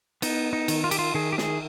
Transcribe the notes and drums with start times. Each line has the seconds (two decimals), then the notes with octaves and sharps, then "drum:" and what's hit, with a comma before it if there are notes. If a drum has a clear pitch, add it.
0.22 B3 D#4, drum: cymbal
0.53 D#4
0.68 D#3, drum: cymbal
0.84 F4
0.91 G4, drum: cymbal
0.99 F4
1.14 D#3 G#4
1.32 G4
1.38 G#4, drum: snare